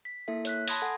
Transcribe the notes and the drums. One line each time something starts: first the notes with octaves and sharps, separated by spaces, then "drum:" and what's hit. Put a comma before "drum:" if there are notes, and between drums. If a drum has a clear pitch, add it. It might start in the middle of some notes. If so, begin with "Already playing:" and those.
B6
A#3 E4 A4 E5
C#5 F#6 B6, drum: hi-hat
A5 B5 C6 D#6 G#6 A#6, drum: open hi-hat
A4 F#5 G#5